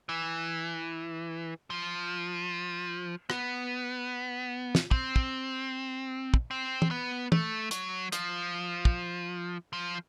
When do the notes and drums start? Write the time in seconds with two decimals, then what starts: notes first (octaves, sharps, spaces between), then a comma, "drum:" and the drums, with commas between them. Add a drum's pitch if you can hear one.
0.09 E3
1.70 F3
3.30 B3, drum: rim click
4.75 drum: snare
4.91 C4, drum: kick
5.16 drum: kick
6.34 drum: kick
6.51 C4
6.82 drum: tom
6.91 B3
7.32 A3, drum: tom
7.71 F#3, drum: hi-hat
8.12 F3, drum: hi-hat
8.85 drum: kick
9.73 F3